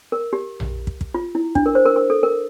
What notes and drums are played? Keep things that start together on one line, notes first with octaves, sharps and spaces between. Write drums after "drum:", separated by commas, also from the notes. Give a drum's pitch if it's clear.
A#4
G4
drum: tom A#1
drum: kick
drum: kick
F4
E4
D4, drum: kick
A#4
C5
A#4
A#4
A4
A#4